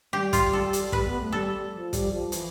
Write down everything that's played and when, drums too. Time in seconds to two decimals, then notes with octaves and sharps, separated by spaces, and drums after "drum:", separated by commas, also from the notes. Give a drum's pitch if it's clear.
0.13 G3 G4
0.33 F4, drum: kick, hi-hat
0.53 A4
0.73 drum: hi-hat
0.92 G3 B4, drum: kick
1.06 B3
1.20 A3
1.32 G3 A4
1.73 F3
1.93 G3, drum: kick, hi-hat
2.13 F3
2.32 E3, drum: hi-hat